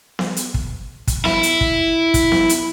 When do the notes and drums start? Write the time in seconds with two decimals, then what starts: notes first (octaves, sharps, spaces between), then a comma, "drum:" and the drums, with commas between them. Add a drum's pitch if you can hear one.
0.19 drum: snare B3
0.37 drum: hi-hat
0.54 drum: kick
1.07 drum: kick, hi-hat
1.25 E4, drum: snare B3
1.43 drum: hi-hat
1.61 drum: kick
2.14 drum: kick, hi-hat
2.32 drum: snare B3
2.49 drum: hi-hat